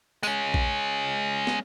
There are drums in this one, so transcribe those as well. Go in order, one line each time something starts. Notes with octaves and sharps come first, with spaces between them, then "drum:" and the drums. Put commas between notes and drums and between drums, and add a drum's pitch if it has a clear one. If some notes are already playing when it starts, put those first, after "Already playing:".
G#3 C#4, drum: tambourine
drum: kick A#1
drum: snare